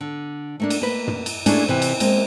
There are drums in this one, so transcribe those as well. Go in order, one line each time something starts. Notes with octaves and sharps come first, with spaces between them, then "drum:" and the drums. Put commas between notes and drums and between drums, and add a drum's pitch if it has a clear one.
D3
A3 A#3 D4
drum: cymbal
A#3 B4
drum: tom
drum: cymbal
A3 A#3 C#4 D4 E4 G#4, drum: cymbal
C3 E3
drum: cymbal
G#3 A#3 C4, drum: cymbal